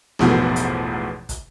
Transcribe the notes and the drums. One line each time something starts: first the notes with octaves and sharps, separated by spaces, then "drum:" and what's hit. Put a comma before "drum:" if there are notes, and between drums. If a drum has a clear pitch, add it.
A1 E2 G#2 B2 F3 A3, drum: snare A#3
drum: hi-hat
drum: kick, hi-hat